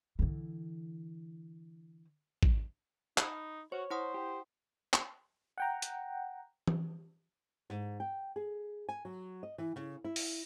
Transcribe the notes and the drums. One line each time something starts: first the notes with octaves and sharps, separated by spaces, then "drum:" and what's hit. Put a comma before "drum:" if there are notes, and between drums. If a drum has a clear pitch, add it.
D3 E3
drum: kick
D#4 B5, drum: clap
F#4 C5 C#5
E4 C5 F#5 D#6
G4
drum: clap
F#5 G5 A#5
drum: hi-hat
drum: tom E3
G#2
G5
G#4
G#5
F#3
D#5
E3
C#3
E4
drum: open hi-hat